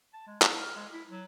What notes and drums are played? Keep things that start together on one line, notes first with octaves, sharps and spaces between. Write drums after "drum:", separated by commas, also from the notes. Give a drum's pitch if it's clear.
A5
G#3
B3, drum: clap
F6
G#3
E4
F#3